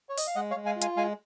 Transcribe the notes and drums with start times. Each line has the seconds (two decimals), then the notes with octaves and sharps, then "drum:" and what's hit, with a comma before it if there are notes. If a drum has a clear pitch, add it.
0.09 C#5
0.18 D#5, drum: open hi-hat
0.27 F5
0.35 G#3 D#5 F#5
0.51 C#5 F5
0.56 G#3
0.66 F5 G#5
0.76 F4
0.82 F5 G#5, drum: hi-hat
0.97 G#3 F5 G#5